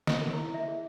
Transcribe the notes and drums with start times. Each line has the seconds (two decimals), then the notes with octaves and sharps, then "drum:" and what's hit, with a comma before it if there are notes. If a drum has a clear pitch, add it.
0.07 D#5, drum: snare
0.21 A#4
0.33 E4
0.54 E5
0.68 G#4